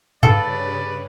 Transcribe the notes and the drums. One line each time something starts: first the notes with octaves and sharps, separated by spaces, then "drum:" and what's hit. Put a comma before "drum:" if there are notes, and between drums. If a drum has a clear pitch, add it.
G2 C#3 A4 B4 D5 F5, drum: tom G2